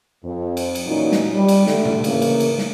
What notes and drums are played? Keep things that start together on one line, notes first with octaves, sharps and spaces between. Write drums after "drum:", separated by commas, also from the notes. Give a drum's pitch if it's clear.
F2
drum: cymbal
drum: cymbal
A#2 E3 F#3 C#4 D#4
drum: snare
G3
drum: cymbal
D3 A3, drum: snare
drum: tom A2
C#3 E3 A#3, drum: cymbal
drum: cymbal
drum: cymbal
drum: snare